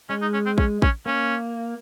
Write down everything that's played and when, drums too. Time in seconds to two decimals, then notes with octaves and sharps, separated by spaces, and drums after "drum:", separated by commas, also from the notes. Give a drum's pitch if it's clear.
0.09 G#3 C#4
0.22 D#4
0.33 C#4
0.46 C4
0.58 C#4, drum: kick
0.82 C#4, drum: kick
1.06 A#3 C#4